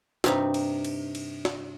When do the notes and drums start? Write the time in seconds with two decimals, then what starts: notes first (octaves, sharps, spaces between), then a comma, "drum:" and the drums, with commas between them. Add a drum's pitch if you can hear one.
0.24 G2 C3 D#4, drum: snare
0.54 drum: cymbal
0.85 drum: cymbal
1.15 drum: cymbal
1.45 drum: snare